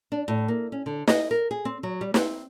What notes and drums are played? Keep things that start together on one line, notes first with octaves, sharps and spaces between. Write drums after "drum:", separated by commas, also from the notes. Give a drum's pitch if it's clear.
D4
A2
A#3
C#4
D3
D#5, drum: snare
A#4
G#4
C4
F#3
G3
C4, drum: snare